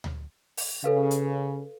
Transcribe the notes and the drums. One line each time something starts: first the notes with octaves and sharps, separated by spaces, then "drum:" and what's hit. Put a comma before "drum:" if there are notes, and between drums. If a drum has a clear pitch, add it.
drum: tom D2
drum: open hi-hat
C#3 A4 B4 F5
drum: hi-hat